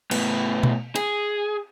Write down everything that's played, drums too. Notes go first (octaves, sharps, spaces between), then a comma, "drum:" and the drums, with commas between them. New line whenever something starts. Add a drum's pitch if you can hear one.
A2 B3, drum: cymbal
drum: tom B2
G#4, drum: cymbal